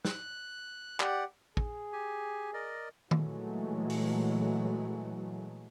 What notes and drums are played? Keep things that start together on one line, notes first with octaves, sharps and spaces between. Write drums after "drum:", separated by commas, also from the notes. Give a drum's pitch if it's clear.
F#6, drum: snare
G4 D5 F#5, drum: clap
G#4, drum: kick
G4 G#5
A#4 D5 D#5
A#2 E3 F#3 G#3 A3, drum: tom D#3
drum: open hi-hat